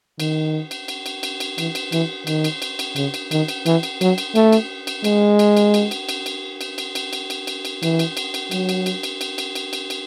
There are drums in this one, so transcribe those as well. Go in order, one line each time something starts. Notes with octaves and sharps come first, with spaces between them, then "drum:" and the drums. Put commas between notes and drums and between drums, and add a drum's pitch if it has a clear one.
D#3, drum: cymbal
drum: cymbal
drum: cymbal
drum: cymbal
drum: cymbal
drum: cymbal
E3, drum: cymbal
drum: cymbal
E3, drum: cymbal
D#3, drum: cymbal
drum: cymbal
drum: cymbal
drum: cymbal
C#3, drum: cymbal
drum: cymbal
D#3, drum: cymbal
drum: cymbal
E3, drum: cymbal
drum: cymbal
F#3, drum: cymbal
drum: cymbal
A3, drum: cymbal
drum: cymbal
drum: cymbal
G#3, drum: cymbal
drum: cymbal
drum: cymbal
drum: cymbal
drum: cymbal
drum: cymbal
drum: cymbal
drum: cymbal
drum: cymbal
drum: cymbal
drum: cymbal
drum: cymbal
drum: cymbal
drum: cymbal
E3, drum: cymbal
drum: cymbal
drum: cymbal
drum: cymbal
F#3, drum: cymbal
drum: cymbal
drum: cymbal
drum: cymbal
drum: cymbal
drum: cymbal
drum: cymbal
drum: cymbal
drum: cymbal